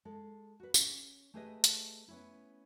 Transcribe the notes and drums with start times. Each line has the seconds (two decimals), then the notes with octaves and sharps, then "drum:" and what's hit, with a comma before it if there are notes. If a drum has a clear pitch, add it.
0.05 G#3 A4
0.60 F#4 B4
0.74 C#4, drum: tambourine
1.34 A3 G4 G#4 B4 C5 D#5
1.64 drum: hi-hat
2.08 B3 C#4 E4